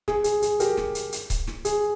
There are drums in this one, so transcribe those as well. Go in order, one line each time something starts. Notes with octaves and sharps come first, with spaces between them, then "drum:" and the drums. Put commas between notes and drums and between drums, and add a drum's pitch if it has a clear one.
G#4, drum: snare
G#4, drum: hi-hat
G#4, drum: hi-hat
G4 A#4, drum: hi-hat
drum: snare
drum: hi-hat
drum: hi-hat
drum: kick C#1, hi-hat
drum: snare
G#4, drum: hi-hat